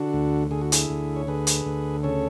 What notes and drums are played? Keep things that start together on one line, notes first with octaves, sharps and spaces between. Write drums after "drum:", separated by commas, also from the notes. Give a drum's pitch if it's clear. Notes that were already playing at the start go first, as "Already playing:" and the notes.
Already playing: D3 D4 F#4
D2
D3 G#4
F#4
E4 G#4, drum: hi-hat
D2
C#5
D3 G#4 B4
drum: hi-hat
D2
C#3 A4 C#5